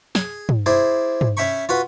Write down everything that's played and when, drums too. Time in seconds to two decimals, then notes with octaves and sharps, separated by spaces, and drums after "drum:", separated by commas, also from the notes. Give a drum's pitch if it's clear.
0.15 G#4, drum: snare
0.49 drum: tom
0.66 E4 G#4 C5 D5
1.21 drum: tom
1.37 C#4 E5 G5 B5 C#6
1.69 F4 F#4 B4